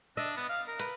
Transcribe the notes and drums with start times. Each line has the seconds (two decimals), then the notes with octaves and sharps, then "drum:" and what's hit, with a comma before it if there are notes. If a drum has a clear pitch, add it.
0.17 D4 D#5 E5
0.37 B3
0.49 F5
0.67 A#4
0.80 B4, drum: hi-hat